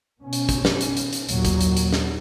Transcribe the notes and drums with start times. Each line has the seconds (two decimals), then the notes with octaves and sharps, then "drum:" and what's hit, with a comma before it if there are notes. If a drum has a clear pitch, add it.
0.20 B2 C#4
0.33 drum: hi-hat
0.49 drum: kick, hi-hat
0.65 drum: snare
0.81 drum: hi-hat
0.97 drum: hi-hat
1.13 drum: hi-hat
1.29 D#2 A#2 F#3, drum: hi-hat
1.45 drum: kick, hi-hat
1.61 drum: hi-hat
1.77 drum: hi-hat
1.93 drum: snare